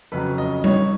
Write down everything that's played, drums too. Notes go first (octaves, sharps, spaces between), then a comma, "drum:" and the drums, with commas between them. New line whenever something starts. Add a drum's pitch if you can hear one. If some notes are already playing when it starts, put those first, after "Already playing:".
F2 C#3 F#3 B4
D#5
C#5, drum: tom G3